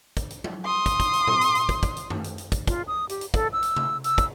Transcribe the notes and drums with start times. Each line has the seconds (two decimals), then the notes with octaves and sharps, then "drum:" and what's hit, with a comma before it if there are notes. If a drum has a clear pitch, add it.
0.17 drum: kick, hi-hat
0.31 drum: hi-hat
0.44 drum: tom
0.65 C6 D#6
0.86 drum: kick, hi-hat
1.00 drum: kick, hi-hat
1.14 drum: hi-hat
1.27 drum: tom A#2
1.41 drum: hi-hat
1.55 drum: hi-hat
1.69 drum: kick, hi-hat
1.83 drum: kick, hi-hat
1.97 drum: hi-hat
2.10 drum: tom
2.24 drum: hi-hat
2.38 drum: hi-hat
2.52 drum: kick, hi-hat
2.67 F4, drum: kick, hi-hat
2.87 D#6
3.09 G4, drum: hi-hat
3.21 drum: hi-hat
3.34 A4, drum: kick, hi-hat
3.53 E6
3.63 drum: hi-hat
3.76 drum: tom C3
4.04 E6, drum: hi-hat
4.18 drum: kick, hi-hat